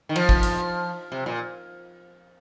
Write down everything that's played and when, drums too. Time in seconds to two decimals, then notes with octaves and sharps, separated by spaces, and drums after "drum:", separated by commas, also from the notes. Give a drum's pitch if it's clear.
0.09 D#3
0.16 F3, drum: cymbal
0.29 drum: kick G1
0.43 drum: hi-hat
1.12 C3
1.26 A#2